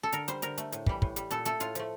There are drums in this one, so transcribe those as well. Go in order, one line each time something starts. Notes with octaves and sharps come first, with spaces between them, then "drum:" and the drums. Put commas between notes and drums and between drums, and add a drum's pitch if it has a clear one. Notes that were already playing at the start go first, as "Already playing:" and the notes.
A4
D3 A#4, drum: hi-hat
G3 C5, drum: hi-hat
D3 A#4, drum: hi-hat
A3, drum: hi-hat
A2, drum: hi-hat
E3 G3, drum: kick
A2, drum: kick
G3, drum: hi-hat
A#2 A4, drum: hi-hat
A3 A4, drum: hi-hat
A2 F4, drum: hi-hat
F3 A3, drum: hi-hat